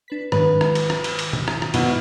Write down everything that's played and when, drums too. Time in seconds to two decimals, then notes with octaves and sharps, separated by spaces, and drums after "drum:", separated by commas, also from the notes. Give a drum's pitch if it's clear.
0.08 D4 B4 B6
0.32 G#2 D#3 G#3 B4, drum: rim click
0.61 drum: rim click
0.75 drum: cymbal
0.90 drum: rim click
1.04 drum: cymbal
1.19 drum: cymbal
1.33 drum: tom B2
1.48 drum: rim click
1.62 drum: rim click
1.74 B2 B3 E4, drum: cymbal